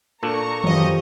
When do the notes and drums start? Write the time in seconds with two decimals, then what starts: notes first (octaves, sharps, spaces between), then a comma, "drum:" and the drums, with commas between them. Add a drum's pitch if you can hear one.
0.23 A#2 D4 A4 A#5 C#6
0.64 F#2 F3 G4 D#5, drum: tom D#3